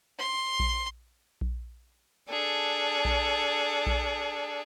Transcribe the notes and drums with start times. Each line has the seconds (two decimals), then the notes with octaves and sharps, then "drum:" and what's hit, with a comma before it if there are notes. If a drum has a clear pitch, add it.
0.19 C6
0.60 drum: kick A#1
1.41 drum: kick A#1
2.29 D4 G#4 A4
3.05 drum: kick A#1
3.87 drum: kick A#1